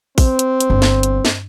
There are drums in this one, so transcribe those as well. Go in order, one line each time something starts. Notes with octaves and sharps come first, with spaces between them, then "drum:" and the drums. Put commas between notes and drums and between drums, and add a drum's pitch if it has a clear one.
C4, drum: kick, open hi-hat
drum: hi-hat
drum: hi-hat
G1
drum: snare
drum: hi-hat
drum: snare